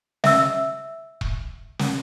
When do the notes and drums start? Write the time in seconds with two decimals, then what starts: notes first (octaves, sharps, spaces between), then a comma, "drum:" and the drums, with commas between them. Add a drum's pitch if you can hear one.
0.24 E5 E6, drum: snare
1.21 drum: kick E1
1.79 drum: snare